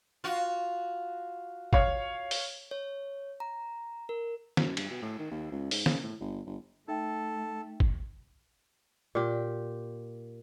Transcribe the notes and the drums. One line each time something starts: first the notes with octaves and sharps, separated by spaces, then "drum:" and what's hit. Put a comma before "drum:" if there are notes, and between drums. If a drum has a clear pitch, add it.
F4 F#4
C#5 F5, drum: kick
drum: open hi-hat
C#5
A#5
A#4
F#2, drum: snare
G2, drum: cymbal
B2
A2
D#3
D#2
C#2
G#2, drum: open hi-hat
C#3, drum: snare
A2
G1
G1
A3 D#4 A4 E5 G5
drum: kick
A#2 G4